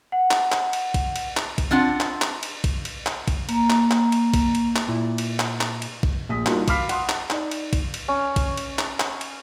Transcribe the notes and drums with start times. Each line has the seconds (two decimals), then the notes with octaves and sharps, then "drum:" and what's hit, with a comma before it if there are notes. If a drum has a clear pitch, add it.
0.12 F#5
0.31 drum: clap
0.52 drum: clap
0.73 drum: cymbal
0.94 drum: kick, cymbal
1.16 drum: cymbal
1.37 drum: clap
1.58 drum: kick, cymbal
1.71 C4 D4 F4 F#5
2.00 drum: clap
2.22 drum: clap
2.43 drum: cymbal
2.64 drum: kick, cymbal
2.85 drum: cymbal
3.06 drum: clap
3.28 drum: kick, cymbal
3.49 A#3 A#5, drum: cymbal
3.70 drum: clap
3.91 drum: clap
4.12 drum: cymbal
4.34 drum: kick, cymbal
4.55 drum: cymbal
4.76 drum: clap
4.88 A#2 E4
5.18 drum: cymbal
5.40 drum: clap
5.61 drum: clap
5.82 drum: cymbal
6.03 drum: kick
6.29 A#1 D#6 B6
6.46 G3 A#3 D4 D#4 F4 F#4, drum: clap
6.68 F5 B5 D6 F6 B6 C7, drum: kick, cymbal
6.89 F#5 C6 D#6, drum: cymbal
7.09 drum: clap
7.30 D#4 D5, drum: clap
7.51 drum: cymbal
7.73 drum: kick, cymbal
7.94 drum: cymbal
8.08 C#4
8.36 drum: kick, cymbal
8.57 drum: cymbal
8.79 drum: clap
9.00 drum: clap
9.21 drum: cymbal